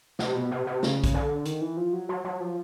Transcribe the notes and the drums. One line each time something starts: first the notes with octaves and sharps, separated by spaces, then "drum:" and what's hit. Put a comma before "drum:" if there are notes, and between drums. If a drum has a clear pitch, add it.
C3, drum: snare
B2
C3
C3
C#3, drum: snare
drum: kick, hi-hat
D3
D#3, drum: hi-hat
E3
F3
F#3
F#3
F#3
F3